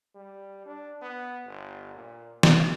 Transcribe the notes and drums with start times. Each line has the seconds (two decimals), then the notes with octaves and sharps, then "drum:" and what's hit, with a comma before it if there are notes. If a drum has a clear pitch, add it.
0.15 G3
0.65 D4
1.01 B3
1.46 G1
1.94 A#2
2.43 F3, drum: snare